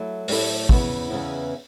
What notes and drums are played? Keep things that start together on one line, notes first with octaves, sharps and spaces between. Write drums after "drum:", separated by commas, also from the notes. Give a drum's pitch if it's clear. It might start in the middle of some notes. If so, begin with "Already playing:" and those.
Already playing: F#3 A3 E4
A2 F#3 A3 E4, drum: open hi-hat
E2 C#3 E3 B3, drum: kick
E2 C#3 E3 B3